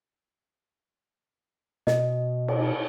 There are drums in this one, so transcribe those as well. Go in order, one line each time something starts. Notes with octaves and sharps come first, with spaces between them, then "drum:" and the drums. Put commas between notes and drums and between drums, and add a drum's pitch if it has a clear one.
B2 D#5, drum: snare
drum: cymbal